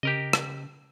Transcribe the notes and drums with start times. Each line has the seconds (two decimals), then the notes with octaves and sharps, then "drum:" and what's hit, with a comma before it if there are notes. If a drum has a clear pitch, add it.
0.03 C#3 G4 A#4 D#5
0.33 drum: rim click